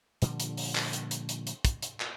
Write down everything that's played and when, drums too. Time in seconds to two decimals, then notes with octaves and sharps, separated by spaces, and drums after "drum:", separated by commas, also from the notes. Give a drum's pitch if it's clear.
0.22 A#2 D3 F3 G3, drum: hi-hat
0.40 drum: hi-hat
0.57 drum: open hi-hat
0.75 drum: clap
0.93 drum: hi-hat
1.11 drum: hi-hat
1.29 drum: hi-hat
1.47 drum: hi-hat
1.65 drum: kick, hi-hat
1.82 drum: hi-hat
2.00 drum: clap